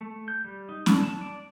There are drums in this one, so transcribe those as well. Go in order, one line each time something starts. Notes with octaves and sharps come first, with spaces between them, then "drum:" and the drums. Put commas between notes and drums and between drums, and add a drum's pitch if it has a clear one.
A3
G6
G3
D#4
D4, drum: snare C#4
A5
D5